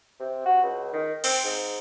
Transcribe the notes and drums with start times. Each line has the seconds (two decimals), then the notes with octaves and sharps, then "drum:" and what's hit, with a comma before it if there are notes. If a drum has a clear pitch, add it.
0.20 C3
0.46 F#4
0.63 C#2
0.93 D#3
1.24 C4, drum: cymbal
1.44 G#2